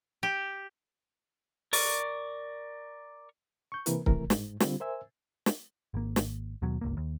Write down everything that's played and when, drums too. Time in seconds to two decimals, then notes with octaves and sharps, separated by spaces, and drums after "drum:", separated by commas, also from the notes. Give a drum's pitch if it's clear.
0.23 G4
1.73 A#4 D5 C#6, drum: open hi-hat
3.72 C#6 G6
3.86 C3 E3 A#3 E4 A#4 B4, drum: hi-hat
4.06 C#2 C3 E3 A3 A#4, drum: kick C#1
4.30 G#2, drum: snare
4.60 D3 G3 C4 F4, drum: snare
4.80 A#4 C5 E5 G#5 E6
5.46 drum: snare
5.94 G#1 A#3
6.16 drum: snare
6.62 D#2 B2 F#3
6.81 G1 C#2 A#3
6.97 D#2